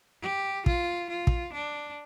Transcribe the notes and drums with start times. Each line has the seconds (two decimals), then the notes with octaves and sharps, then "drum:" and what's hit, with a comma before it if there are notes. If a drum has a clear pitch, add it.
0.22 G4
0.66 F4, drum: kick
1.10 F4
1.27 drum: kick
1.53 D4